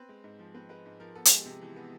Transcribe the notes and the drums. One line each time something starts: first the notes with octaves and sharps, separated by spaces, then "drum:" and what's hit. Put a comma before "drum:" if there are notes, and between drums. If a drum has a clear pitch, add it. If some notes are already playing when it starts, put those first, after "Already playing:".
Already playing: C4 B4
G#3
G#2
F3
C4 B4
G#3 B4
G#2
F3 A#4
B3 A4
G#4, drum: hi-hat
G#3 G4
C3
E3
B3